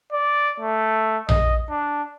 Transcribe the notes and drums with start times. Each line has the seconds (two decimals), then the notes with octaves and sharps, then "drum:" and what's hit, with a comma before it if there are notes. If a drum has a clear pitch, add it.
0.13 D5
0.60 A3
1.29 D#5, drum: tom A#1
1.70 D4